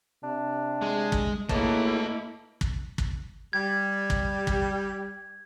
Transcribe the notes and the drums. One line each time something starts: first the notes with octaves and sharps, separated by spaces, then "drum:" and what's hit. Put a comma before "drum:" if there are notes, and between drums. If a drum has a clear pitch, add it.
C3 D4
G#3
drum: kick
C#2 A3 A#3 E4 D#5 A5, drum: kick
drum: kick
drum: kick
G3 G#6
drum: kick
drum: kick